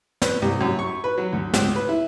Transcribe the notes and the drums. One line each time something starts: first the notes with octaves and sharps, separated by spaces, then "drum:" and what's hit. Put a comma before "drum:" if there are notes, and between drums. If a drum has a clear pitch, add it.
B4, drum: snare
C2
F#2
C#6
B4
F#3
D2
C#2, drum: snare
B4
E4